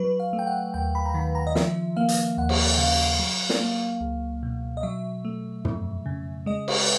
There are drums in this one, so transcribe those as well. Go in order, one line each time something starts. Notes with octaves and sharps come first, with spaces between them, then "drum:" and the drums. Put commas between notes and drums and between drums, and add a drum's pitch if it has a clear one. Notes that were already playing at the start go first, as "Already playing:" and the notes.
Already playing: F#3 B4
F5
A3
G5
F#5
D#2 G5
B5
A#5
D#3 B5
A#5
D#5
F3 E5, drum: snare
A#3 F5
drum: hi-hat
D#2 F#5
drum: cymbal
C#3 F5
F#3
drum: snare
A#3
C#2
B2
D#5
F#3 E5
A3
F2, drum: tom
C#3
G#3 D#5
B4, drum: cymbal